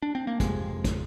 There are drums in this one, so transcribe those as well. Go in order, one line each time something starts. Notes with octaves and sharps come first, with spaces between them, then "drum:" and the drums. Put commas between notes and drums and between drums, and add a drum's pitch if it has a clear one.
D4
C4
A#3
F2 C3 G#3, drum: kick, hi-hat
drum: kick, hi-hat